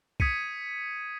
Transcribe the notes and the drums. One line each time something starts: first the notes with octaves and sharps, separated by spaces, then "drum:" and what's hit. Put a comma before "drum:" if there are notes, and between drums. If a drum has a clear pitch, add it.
D#6 G#6 B6 C#7 D#7, drum: kick B1